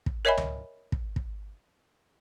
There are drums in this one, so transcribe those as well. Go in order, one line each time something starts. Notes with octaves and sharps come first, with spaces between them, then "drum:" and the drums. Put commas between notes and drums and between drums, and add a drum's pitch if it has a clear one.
drum: kick
A#4 C#5 D#5 E5 G#5 B5
drum: tom C#2
drum: kick
drum: kick